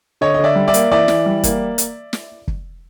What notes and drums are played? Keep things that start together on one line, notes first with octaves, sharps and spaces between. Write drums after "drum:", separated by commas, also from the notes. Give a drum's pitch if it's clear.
D3 C#5 D#5
D3 D#5
D5 E5
G3
D5 E5
A#3, drum: hi-hat
E3 D5 E5
E3, drum: snare
G3
A#3, drum: kick, hi-hat
drum: hi-hat
drum: snare
drum: kick